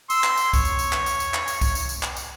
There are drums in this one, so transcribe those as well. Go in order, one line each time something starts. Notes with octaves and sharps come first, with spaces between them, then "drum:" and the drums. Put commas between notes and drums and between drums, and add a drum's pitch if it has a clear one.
C6 E6, drum: tambourine
drum: clap
drum: tambourine
E2 C#5, drum: kick C2, tambourine
drum: tambourine
drum: tambourine
drum: clap
drum: tambourine
drum: tambourine
drum: clap
drum: tambourine
drum: kick C2, tambourine
drum: tambourine
drum: tambourine
drum: clap
drum: tambourine